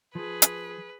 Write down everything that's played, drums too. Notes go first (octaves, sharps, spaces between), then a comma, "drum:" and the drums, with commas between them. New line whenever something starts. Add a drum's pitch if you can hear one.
F3 G#4 B4
drum: hi-hat